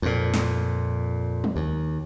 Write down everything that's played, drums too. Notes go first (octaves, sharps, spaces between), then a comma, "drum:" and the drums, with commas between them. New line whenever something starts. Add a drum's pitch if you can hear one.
F2 A#2
drum: snare
drum: tom F3
D#2